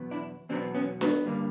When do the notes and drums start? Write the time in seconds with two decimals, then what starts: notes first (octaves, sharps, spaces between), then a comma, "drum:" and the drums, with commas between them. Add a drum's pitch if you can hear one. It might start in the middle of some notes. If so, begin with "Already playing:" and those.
Already playing: E2 B2 F#3 B3
0.11 D4 E4
0.49 E2 B2 F#3 B3 C4 D4
0.74 B3 C#4
1.01 B3, drum: snare D4
1.26 G2 D3 G3 A#3